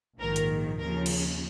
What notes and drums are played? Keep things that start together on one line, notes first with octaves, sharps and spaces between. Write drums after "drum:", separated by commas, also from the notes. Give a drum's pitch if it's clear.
A#1 G#2 D#3 A#4
drum: hi-hat
D#2 C#3 F3 A#4
drum: cymbal